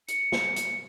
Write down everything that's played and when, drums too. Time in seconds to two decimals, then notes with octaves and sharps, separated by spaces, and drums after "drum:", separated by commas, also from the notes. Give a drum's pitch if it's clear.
0.08 C#7, drum: hi-hat
0.32 drum: snare
0.56 drum: hi-hat